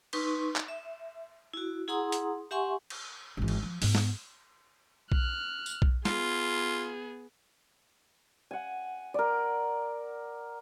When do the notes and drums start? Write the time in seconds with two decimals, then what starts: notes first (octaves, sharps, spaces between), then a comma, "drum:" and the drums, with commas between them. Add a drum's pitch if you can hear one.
0.13 D#4 B4 C6 C#6, drum: cymbal
0.56 drum: clap
0.68 E5
1.54 E4 F#4
1.88 E4 G#4 F#5 A#5 C6 D#6
2.12 drum: hi-hat
2.51 G4 E5 F#5 G#5 C6 C#6
2.90 drum: cymbal
3.37 G#1 E3
3.48 drum: cymbal
3.63 F3
3.82 G#2 B3, drum: open hi-hat
3.95 drum: snare
5.12 F6 F#6, drum: kick B1
5.66 drum: tambourine
5.82 drum: kick B1
6.05 B3 F4 G#4, drum: snare
8.51 F#5 G#5
9.14 A#4 D5